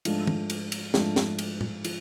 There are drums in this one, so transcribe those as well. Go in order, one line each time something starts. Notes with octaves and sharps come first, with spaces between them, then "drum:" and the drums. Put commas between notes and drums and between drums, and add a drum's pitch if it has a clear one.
G#2 F3 A3 D4, drum: cymbal
drum: tom
drum: cymbal
drum: cymbal
G#2 F3 A3 D4, drum: snare
drum: snare
drum: cymbal
drum: tom
F3, drum: cymbal